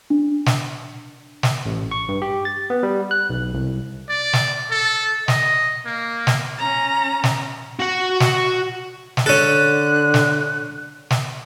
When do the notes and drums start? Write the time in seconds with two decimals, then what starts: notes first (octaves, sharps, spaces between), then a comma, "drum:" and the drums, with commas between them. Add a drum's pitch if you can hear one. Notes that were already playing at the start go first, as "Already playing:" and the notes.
0.10 D4
0.46 drum: snare
1.43 drum: snare
1.66 A1
1.91 C#6
2.09 G2
2.22 G4
2.45 A6
2.70 B3
2.83 G3
3.11 F#6
3.30 B1
3.54 C2
4.09 D5
4.33 drum: snare
4.71 A4
5.28 D#5, drum: snare
5.85 A#3
6.27 drum: snare
6.57 C#4 A#5
7.24 drum: snare
7.79 F#4 F#5
8.20 drum: snare
9.17 drum: snare
9.26 D3 C#4 A4 F#6
10.14 drum: snare
11.10 drum: snare